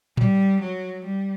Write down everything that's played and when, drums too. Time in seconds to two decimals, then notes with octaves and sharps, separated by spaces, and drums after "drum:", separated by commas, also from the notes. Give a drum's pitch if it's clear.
0.17 G3, drum: tom A2
0.61 F#3
1.05 G3